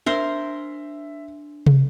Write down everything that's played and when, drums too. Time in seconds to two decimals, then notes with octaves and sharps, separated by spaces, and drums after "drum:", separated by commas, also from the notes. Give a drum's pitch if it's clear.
0.06 D4 A#4 C5 E5 C6
1.66 drum: tom C3